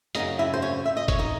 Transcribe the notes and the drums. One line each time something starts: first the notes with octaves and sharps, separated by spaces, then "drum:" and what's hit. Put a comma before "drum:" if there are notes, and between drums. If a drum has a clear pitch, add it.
F#2 C#3 F#3 C#4 D#4 D#5, drum: hi-hat
E4 E5
C5
C#4 C#5
E5
D#5
C#5, drum: kick G1, hi-hat
D#4 D#5